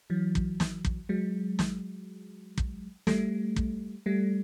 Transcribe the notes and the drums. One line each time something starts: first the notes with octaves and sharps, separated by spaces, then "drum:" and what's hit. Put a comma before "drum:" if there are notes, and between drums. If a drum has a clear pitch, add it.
E3 F#3
drum: kick
drum: snare
drum: kick
F#3 G#3
drum: snare
drum: kick
G3 A3, drum: snare
drum: kick
G3 A3